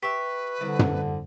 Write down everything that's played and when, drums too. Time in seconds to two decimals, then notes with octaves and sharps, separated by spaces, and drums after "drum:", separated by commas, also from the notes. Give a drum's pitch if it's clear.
0.03 G4 B4 E5 C#6 B6
0.61 C2 D3
0.79 drum: tom